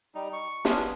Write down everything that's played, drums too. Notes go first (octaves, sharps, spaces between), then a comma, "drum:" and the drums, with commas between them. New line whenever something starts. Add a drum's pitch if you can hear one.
G3 D#4
C#6
B3 C#4 D4 F4, drum: snare